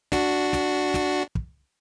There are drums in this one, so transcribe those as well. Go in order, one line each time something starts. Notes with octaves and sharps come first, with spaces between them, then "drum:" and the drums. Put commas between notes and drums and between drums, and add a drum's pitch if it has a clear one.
D4 F#4, drum: snare
drum: snare
drum: snare
drum: kick